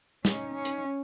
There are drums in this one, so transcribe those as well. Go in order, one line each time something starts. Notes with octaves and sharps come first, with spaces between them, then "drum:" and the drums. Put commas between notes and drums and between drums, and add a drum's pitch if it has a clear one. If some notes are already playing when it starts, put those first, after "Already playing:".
C#4 D#4, drum: snare
C#4
drum: hi-hat
C#4